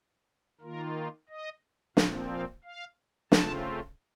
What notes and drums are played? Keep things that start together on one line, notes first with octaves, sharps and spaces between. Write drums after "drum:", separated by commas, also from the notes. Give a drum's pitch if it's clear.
D#3 A#3 F4 A#4
D#5
A#2 F3 C4 F5, drum: snare
F5
F5
C#3 A3 C4 F4 A5, drum: snare